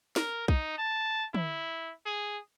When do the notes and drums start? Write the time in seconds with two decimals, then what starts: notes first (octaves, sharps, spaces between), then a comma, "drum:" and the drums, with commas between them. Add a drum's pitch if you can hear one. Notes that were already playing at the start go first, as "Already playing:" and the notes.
0.16 A#4, drum: snare
0.48 D#4, drum: kick
0.78 A5
1.34 E4, drum: tom
2.06 G#4